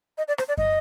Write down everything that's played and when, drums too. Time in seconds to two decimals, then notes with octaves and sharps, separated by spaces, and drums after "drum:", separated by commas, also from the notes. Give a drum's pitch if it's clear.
0.18 D#5
0.28 D5
0.38 C5, drum: rim click
0.48 D5
0.57 D#5, drum: kick